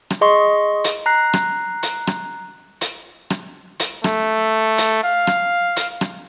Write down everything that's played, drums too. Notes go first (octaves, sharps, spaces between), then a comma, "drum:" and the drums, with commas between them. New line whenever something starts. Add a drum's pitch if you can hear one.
drum: rim click
G#4 D#5 C6 C#6
drum: hi-hat
A#5 F#6 C7
drum: rim click
drum: hi-hat
drum: rim click
drum: hi-hat
drum: rim click
drum: hi-hat
A3, drum: rim click
drum: hi-hat
F5
drum: rim click
drum: hi-hat
drum: rim click